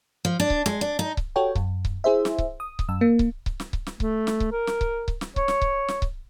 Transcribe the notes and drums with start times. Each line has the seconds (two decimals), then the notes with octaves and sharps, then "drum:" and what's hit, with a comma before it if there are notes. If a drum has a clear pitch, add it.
0.25 F3
0.40 D4
0.50 drum: kick C#1
0.66 G#3, drum: snare
0.81 D4
0.99 D#4
1.17 drum: kick C#1
1.36 F#4 G4 A4 C#5 G5
1.56 F#2, drum: kick C#1
1.85 drum: kick C#1
2.04 E4 G#4 C5 E5
2.25 drum: snare
2.38 drum: kick C#1
2.60 D#6
2.79 drum: kick C#1
2.89 F#2 E6
3.01 A#3
3.19 drum: kick C#1
3.46 drum: kick C#1
3.60 drum: snare
3.73 drum: kick C#1
3.87 drum: snare
4.00 A3, drum: kick C#1
4.27 drum: snare
4.40 drum: kick C#1
4.52 A#4
4.67 drum: snare
4.81 drum: kick C#1
5.08 drum: kick C#1
5.21 drum: snare
5.36 C#5, drum: kick C#1
5.48 drum: snare
5.62 drum: kick C#1
5.88 drum: snare
6.02 drum: kick C#1